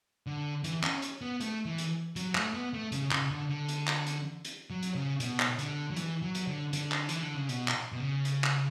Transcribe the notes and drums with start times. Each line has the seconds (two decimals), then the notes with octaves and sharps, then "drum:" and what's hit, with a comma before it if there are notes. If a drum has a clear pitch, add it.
0.27 D3
0.64 E3, drum: hi-hat
0.83 C#4, drum: clap
1.02 drum: hi-hat
1.21 B3
1.41 A3, drum: hi-hat
1.65 E3
1.78 drum: hi-hat
2.16 F#3, drum: hi-hat
2.35 A3, drum: clap
2.54 B3
2.74 A3
2.92 C#3, drum: hi-hat
3.11 C#3, drum: clap
3.31 D3
3.49 D3
3.68 drum: hi-hat
3.88 drum: clap
4.07 drum: hi-hat
4.45 drum: hi-hat
4.70 F#3
4.83 drum: hi-hat
4.95 C#3
5.20 B2, drum: hi-hat
5.40 drum: clap
5.59 D3, drum: hi-hat
5.91 F#3
5.96 E3, drum: hi-hat
6.22 F#3
6.35 drum: hi-hat
6.47 D3
6.73 D3, drum: hi-hat
6.92 drum: clap
7.09 E3, drum: hi-hat
7.23 D3
7.35 C#3
7.49 B2, drum: hi-hat
7.68 drum: clap
7.92 B2
8.00 C#3
8.25 drum: hi-hat
8.44 drum: clap